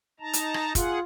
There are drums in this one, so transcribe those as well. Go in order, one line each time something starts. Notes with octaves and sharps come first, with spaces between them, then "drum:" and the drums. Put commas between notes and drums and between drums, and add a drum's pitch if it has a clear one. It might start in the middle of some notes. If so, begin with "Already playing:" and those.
D#4 A5 A#5
drum: hi-hat
drum: rim click
F4 G#4 F#5, drum: kick, hi-hat